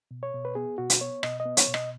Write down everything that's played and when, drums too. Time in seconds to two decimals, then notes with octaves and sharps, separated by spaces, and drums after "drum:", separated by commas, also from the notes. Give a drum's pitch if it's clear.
0.11 B2
0.23 C#5
0.34 B2
0.45 B4
0.55 B3 G#4
0.78 B2 F#4
0.90 drum: hi-hat
1.01 B3 C#5
1.23 B2 D#5, drum: rim click
1.40 D#5
1.45 B3
1.57 C#5, drum: hi-hat
1.68 B2
1.74 D#5, drum: rim click